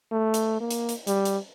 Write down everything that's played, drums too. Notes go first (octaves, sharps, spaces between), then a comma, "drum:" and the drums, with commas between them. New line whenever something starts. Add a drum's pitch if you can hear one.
A3
drum: hi-hat
A#3
drum: hi-hat
drum: hi-hat
G3, drum: hi-hat
drum: hi-hat